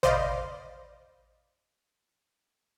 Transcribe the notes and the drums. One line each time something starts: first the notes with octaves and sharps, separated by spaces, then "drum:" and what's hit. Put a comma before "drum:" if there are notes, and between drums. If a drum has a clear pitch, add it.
C5 D5 D#5 F5 B5, drum: tom A1